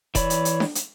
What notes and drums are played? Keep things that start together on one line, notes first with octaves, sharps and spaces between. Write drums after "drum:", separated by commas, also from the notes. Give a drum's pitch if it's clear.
E3 C#5 D5 B5, drum: kick E1, hi-hat
drum: hi-hat
drum: hi-hat
drum: snare D4
drum: hi-hat